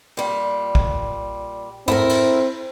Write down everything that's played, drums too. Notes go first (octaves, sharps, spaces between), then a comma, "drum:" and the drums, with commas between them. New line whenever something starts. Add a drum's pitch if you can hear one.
A#2 G3
drum: kick
C4 E4 A4 A#4, drum: tom
drum: cymbal